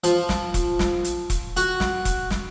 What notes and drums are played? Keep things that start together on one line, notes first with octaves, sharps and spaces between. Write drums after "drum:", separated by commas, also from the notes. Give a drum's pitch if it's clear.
F3, drum: hi-hat
drum: snare
drum: kick E1, hi-hat
drum: snare
drum: hi-hat
drum: kick E1, hi-hat
F#4, drum: hi-hat
drum: snare
drum: kick E1, hi-hat
drum: snare